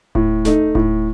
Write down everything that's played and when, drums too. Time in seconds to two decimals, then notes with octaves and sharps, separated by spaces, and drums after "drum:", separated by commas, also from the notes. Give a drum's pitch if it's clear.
0.15 A2, drum: kick D1
0.45 A3 D#4, drum: snare D#1
0.75 A2, drum: kick D1